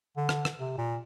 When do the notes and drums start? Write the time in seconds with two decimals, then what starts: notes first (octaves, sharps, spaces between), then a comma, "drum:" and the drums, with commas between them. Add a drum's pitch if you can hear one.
0.17 D3
0.29 drum: rim click
0.45 drum: rim click
0.60 C3
0.78 A#2